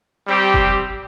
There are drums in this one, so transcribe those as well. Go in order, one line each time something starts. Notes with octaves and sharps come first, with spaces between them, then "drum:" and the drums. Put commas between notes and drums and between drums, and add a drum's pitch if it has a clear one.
G3 C4 G4
drum: kick F#1